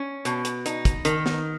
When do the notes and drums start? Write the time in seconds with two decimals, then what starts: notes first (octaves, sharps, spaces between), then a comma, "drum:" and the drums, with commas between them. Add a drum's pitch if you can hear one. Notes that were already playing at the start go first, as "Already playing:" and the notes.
Already playing: C#4
0.25 B2, drum: hi-hat
0.45 drum: hi-hat
0.66 D#4, drum: hi-hat
0.85 drum: kick, hi-hat
1.05 D#3, drum: hi-hat
1.26 drum: snare B3